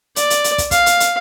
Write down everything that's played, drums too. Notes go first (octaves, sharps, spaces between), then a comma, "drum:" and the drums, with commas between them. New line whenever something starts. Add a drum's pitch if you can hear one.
D5, drum: hi-hat
drum: hi-hat
drum: hi-hat
drum: kick, hi-hat
F5, drum: kick, hi-hat
drum: hi-hat
drum: hi-hat